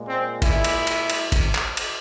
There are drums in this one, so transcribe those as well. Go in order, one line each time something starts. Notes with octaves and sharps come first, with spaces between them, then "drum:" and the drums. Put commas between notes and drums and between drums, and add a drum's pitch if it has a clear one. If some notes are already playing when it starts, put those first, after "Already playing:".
Already playing: A#2 G#3
C4
E4, drum: kick, cymbal
drum: cymbal
drum: cymbal
drum: cymbal
drum: kick, cymbal
drum: clap
drum: cymbal